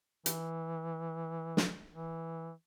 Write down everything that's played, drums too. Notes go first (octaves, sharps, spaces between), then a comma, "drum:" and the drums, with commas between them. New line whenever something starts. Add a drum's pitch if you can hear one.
E3, drum: hi-hat
drum: snare
E3